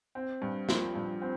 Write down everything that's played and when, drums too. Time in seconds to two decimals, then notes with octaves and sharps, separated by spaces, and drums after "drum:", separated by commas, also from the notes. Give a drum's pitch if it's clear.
0.15 C4
0.42 G2
0.69 F3, drum: snare
0.95 G2
1.22 C4